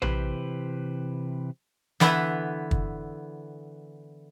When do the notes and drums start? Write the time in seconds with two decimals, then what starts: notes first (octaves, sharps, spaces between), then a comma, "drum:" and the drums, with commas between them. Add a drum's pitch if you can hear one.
0.02 C3 E3 A3 G4 B4 C5, drum: tom A#1
2.00 D3 E3 B3 E4, drum: snare
2.71 drum: kick